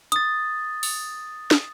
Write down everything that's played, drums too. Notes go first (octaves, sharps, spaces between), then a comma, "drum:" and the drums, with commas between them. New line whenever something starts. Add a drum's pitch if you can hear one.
D#6 A6, drum: hi-hat
drum: open hi-hat
drum: snare